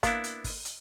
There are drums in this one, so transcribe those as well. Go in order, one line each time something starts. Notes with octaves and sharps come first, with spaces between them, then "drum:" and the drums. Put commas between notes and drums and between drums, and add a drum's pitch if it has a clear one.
A#3 B3 D4 E4, drum: kick, hi-hat
drum: hi-hat
drum: kick, open hi-hat
drum: hi-hat